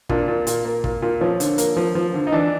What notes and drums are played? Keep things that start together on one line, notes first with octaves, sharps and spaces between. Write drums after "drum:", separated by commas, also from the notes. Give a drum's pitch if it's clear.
A#2 D4, drum: kick
A#2
A#2, drum: hi-hat
A#3
A#2, drum: kick
A#2
F3 C#4
D3, drum: hi-hat
A#3, drum: hi-hat
F3
F3
D3
D#4
E3 D4